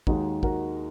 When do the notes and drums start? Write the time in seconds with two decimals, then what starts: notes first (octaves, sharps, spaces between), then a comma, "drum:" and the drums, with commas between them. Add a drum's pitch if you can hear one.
0.07 D#2 D#3 G#3 D#4 F#4, drum: kick
0.43 F#4 A#4, drum: kick